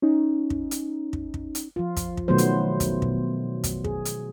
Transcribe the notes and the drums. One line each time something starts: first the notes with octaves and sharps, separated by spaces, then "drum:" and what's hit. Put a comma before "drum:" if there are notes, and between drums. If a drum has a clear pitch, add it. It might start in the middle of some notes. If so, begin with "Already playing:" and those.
C#4 D#4
drum: kick
drum: hi-hat
drum: kick
drum: kick
drum: hi-hat
F3 F4
drum: kick, hi-hat
drum: kick
B2 D#3 F#3 A3 B3 C5
drum: hi-hat
drum: kick, hi-hat
B2, drum: kick
drum: kick, hi-hat
G#4, drum: kick
drum: hi-hat